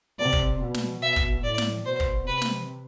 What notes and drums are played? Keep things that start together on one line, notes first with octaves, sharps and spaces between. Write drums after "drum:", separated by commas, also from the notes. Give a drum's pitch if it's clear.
C3 D5
drum: kick
B2
drum: snare
B2 E5
drum: kick
A2 D5
drum: snare
B2 C5
drum: kick
C3 B4
drum: snare